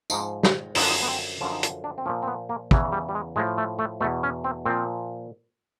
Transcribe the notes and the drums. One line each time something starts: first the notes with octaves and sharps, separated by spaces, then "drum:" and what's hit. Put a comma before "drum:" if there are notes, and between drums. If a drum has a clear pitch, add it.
G#2 F3 D#4, drum: tambourine
D4, drum: snare
F#2 D3 F3 D#4, drum: open hi-hat
D4
D#4
B3
C4
F#2 D3 F3 C#4
D#4
D4, drum: hi-hat
D4
C4
A#2 F3 C#4
C4
B3
A#3
E2 C#3 E3, drum: kick
G3
G3
G#3
A2 F3 G#3
A3
A3
E2 B2 A3
C#4
C4
A#2 F3 C4